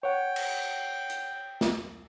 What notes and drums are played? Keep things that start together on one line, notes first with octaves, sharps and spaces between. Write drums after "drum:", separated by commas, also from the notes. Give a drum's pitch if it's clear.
C#5 F#5 G5
drum: cymbal
drum: hi-hat
drum: snare